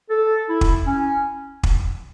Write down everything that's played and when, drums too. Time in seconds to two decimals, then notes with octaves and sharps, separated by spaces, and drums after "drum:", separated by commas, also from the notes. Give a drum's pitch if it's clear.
0.10 A4
0.49 E4
0.61 drum: kick
0.86 C#4
1.63 drum: kick